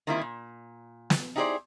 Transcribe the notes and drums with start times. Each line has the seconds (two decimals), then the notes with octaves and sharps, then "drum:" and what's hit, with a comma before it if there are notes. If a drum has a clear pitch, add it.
0.07 D#3 G3 A#3 C4 E4 F4
0.21 A#2
1.10 drum: snare
1.36 D#4 E4 G4 G#4 C5 D5